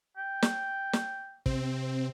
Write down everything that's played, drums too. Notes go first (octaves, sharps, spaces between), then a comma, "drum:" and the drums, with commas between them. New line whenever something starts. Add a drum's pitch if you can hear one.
G5
drum: snare
drum: snare
C3 C4, drum: kick